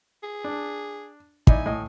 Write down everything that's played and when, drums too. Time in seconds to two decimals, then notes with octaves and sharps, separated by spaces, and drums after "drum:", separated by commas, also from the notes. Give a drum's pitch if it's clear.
0.23 G#4
0.44 D4
1.47 D#4 E4 D5 G#5, drum: kick
1.66 A2 D#5